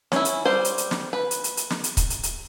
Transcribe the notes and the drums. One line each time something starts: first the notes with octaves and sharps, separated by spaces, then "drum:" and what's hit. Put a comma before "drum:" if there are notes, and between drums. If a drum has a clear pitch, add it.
C#4 E4, drum: snare
drum: hi-hat
G3 C5
drum: hi-hat
drum: hi-hat
drum: snare
B4
drum: hi-hat
drum: hi-hat
drum: hi-hat
drum: snare
drum: hi-hat
drum: kick C#1, hi-hat
drum: hi-hat
drum: hi-hat